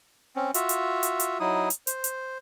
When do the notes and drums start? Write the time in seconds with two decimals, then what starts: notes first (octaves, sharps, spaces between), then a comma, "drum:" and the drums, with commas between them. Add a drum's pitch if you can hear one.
0.36 C4 C#4
0.54 F4 F#4 E5, drum: hi-hat
0.69 drum: hi-hat
1.03 drum: hi-hat
1.20 drum: hi-hat
1.40 F#3 D#4 E4 D#6
1.70 drum: hi-hat
1.87 C5, drum: hi-hat
2.04 drum: hi-hat